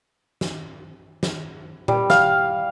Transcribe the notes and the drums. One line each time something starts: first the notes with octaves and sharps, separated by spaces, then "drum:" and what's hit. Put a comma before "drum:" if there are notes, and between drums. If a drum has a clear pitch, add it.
drum: snare
drum: snare
G3, drum: tom A#2
F5, drum: snare